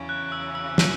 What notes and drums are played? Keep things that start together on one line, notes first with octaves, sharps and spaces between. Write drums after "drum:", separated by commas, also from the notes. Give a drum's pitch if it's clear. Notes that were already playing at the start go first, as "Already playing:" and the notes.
Already playing: E2 C#3 F#3 C#4 E4
F#6
E6
E6
F#6, drum: snare